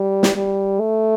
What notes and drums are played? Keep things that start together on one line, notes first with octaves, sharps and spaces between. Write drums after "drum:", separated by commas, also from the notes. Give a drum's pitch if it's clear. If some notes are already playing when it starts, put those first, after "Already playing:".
Already playing: G3
drum: snare
G3
A3